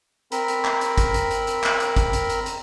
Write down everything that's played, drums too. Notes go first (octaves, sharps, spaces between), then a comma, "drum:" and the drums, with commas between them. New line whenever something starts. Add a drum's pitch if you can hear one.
C4 A#4 B5, drum: hi-hat
drum: hi-hat
drum: clap
drum: hi-hat
drum: kick, hi-hat
drum: hi-hat
drum: hi-hat
drum: hi-hat
drum: clap
drum: hi-hat
drum: kick, hi-hat
drum: hi-hat
drum: hi-hat
drum: hi-hat